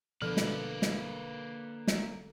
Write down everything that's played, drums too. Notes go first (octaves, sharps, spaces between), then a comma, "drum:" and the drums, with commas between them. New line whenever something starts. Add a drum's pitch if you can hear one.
B2 D3 F3 A#3 B4
drum: snare
drum: snare
drum: snare